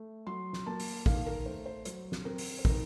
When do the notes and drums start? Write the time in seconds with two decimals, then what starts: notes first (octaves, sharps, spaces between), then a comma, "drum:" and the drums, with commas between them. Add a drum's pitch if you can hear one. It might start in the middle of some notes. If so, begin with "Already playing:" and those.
Already playing: A3
0.27 F#3 C6
0.53 drum: snare
0.66 A#3 A5
0.80 drum: open hi-hat
1.06 D#3 F5, drum: kick
1.26 A#4
1.46 A3 C5
1.66 C5
1.85 F#3 C5, drum: hi-hat
2.12 drum: snare
2.25 C4 A#4
2.38 drum: open hi-hat
2.59 C5
2.65 D#3 A#4, drum: kick